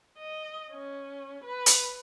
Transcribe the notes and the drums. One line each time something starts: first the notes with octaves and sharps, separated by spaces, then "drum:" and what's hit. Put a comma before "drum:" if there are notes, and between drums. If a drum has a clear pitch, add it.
D#5
C#4
B4
drum: hi-hat